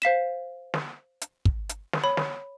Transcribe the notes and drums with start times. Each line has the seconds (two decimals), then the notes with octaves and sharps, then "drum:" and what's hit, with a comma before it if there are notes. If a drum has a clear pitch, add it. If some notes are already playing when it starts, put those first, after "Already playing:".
0.02 C5 F5 B6 E7
0.74 drum: snare
1.21 drum: hi-hat
1.45 drum: kick
1.69 drum: hi-hat
1.93 drum: snare
2.04 C#5 B5
2.17 drum: snare